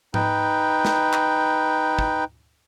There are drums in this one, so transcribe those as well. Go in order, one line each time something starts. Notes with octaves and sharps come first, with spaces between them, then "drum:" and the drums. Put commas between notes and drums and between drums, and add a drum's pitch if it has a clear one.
D#4 B4 G5, drum: tom G#2
drum: snare
drum: clap
drum: kick